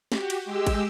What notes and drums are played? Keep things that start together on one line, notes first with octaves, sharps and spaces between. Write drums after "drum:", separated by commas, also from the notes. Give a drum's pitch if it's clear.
F#4 G4, drum: snare
drum: cymbal
G#3 G4 E6
drum: kick, cymbal